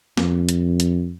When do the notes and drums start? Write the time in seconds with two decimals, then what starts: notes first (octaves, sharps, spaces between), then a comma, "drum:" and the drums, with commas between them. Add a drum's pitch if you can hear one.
0.17 F2, drum: snare
0.49 drum: hi-hat
0.80 drum: hi-hat